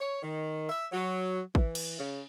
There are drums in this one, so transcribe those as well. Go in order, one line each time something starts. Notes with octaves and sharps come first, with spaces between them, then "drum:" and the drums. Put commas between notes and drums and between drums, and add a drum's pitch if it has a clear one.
C#5
D#3
E5
F#3
E3, drum: kick
drum: cymbal
C#3